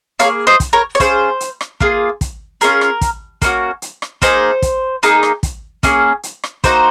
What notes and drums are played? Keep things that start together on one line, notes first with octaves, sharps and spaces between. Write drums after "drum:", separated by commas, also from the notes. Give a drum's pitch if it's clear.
A#3 D#4 G#4 C#5 F5, drum: hi-hat
C5 D#5
drum: kick, hi-hat
A#4 C#5
C#5
C#4 F4 G#4 C5, drum: kick, hi-hat
drum: hi-hat
drum: rim click
A#3 F4 G#4, drum: kick
drum: kick, hi-hat
C#4 F4 G#4 A#4, drum: hi-hat
drum: rim click
drum: kick, hi-hat
A#3 C#4 F#4, drum: kick, hi-hat
drum: hi-hat
drum: rim click
A#3 D#4 G#4 C5, drum: kick, hi-hat
drum: kick, hi-hat
A#3 D#4 G#4, drum: hi-hat
drum: rim click
drum: kick, hi-hat
A#3 C#4 G#4, drum: kick, hi-hat
drum: hi-hat
drum: rim click
A#3 D#4 F#4 C5, drum: kick, hi-hat